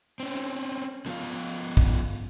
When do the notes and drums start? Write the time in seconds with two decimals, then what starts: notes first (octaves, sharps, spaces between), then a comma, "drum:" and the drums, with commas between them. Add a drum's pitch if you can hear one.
0.20 C4 C#4
0.35 drum: hi-hat
1.06 D3 F3 B3 F4 F5, drum: hi-hat
1.77 drum: kick, open hi-hat